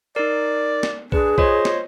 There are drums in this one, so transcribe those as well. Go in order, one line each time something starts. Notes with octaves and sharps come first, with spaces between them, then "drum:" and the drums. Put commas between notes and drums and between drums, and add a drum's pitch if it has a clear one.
D#4 A#4 D5
drum: snare
D4 G#4 B4, drum: kick A#1
F4 C5 C#5 D#5, drum: kick A#1
drum: snare